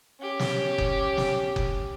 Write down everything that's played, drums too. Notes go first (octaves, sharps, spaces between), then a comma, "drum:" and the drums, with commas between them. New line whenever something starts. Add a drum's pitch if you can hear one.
C#4 G4
drum: snare
drum: kick F#1
drum: snare
drum: kick F#1